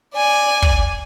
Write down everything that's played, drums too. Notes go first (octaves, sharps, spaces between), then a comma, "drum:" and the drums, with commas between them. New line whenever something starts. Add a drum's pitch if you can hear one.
D5 G#5
drum: kick